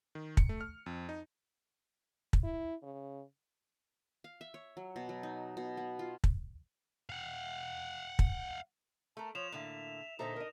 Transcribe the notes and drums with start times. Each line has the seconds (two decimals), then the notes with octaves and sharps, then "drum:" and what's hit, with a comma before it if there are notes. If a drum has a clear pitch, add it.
0.15 D#3
0.37 C#7, drum: kick
0.49 A3
0.61 F6
0.86 F2
1.09 D#4
2.33 drum: kick
2.44 E4
2.83 C#3
4.24 F5
4.41 E5
4.54 C#5
4.77 F#3
4.96 B2
5.09 F#3
5.23 D#4
5.57 B2
5.77 B3
5.99 F4
6.24 drum: kick
7.09 F5 F#5
8.19 drum: kick
9.17 A3 A#4 A5
9.35 F3 C#5 E7 F7
9.52 A2 D3 A#3 E5
10.19 A#2 D3 D#4 A4 C5 E5 A#5
10.36 A#4 D#5